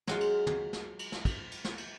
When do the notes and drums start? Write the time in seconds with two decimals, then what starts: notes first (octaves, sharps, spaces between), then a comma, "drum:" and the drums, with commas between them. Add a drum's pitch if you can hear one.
0.07 F#3 G#3 F4, drum: snare
0.21 drum: cymbal
0.47 drum: tom
0.73 drum: snare
0.99 drum: cymbal
1.12 drum: snare
1.25 drum: kick, cymbal
1.51 drum: cymbal
1.65 drum: snare
1.78 drum: cymbal